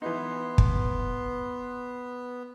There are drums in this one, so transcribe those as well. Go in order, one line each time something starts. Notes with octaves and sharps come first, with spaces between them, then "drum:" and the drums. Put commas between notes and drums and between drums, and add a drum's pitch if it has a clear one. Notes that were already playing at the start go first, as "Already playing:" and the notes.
E3 B3 D#4 C6
drum: kick